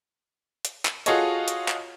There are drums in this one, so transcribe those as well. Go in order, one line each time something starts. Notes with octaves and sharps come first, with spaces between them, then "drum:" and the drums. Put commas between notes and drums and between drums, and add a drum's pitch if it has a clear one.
drum: hi-hat
drum: clap
F4 F#4 G#4 A4 C#5 D#5, drum: hi-hat
drum: hi-hat
drum: clap